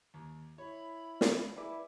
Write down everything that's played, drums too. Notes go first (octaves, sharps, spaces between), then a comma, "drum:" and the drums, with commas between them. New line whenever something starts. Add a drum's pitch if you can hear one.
D#2
E4 C#5 B5
drum: snare
E4 G#4 B4 D5 D6